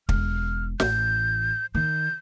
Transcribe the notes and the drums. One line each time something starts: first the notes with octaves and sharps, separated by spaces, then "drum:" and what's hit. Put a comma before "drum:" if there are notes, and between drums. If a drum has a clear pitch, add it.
E1 F6, drum: kick
A1 G6, drum: snare
D#3 G6